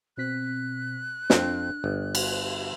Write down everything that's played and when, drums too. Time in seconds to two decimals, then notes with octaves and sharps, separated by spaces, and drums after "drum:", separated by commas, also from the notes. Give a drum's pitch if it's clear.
0.17 B2 C4 F#6 B6
1.30 F2 C4 D4, drum: snare
1.84 G1
2.15 drum: cymbal